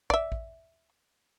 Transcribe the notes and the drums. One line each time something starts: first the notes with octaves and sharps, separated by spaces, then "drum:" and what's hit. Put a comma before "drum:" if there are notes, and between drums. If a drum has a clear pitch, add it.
D5 E5, drum: kick
drum: kick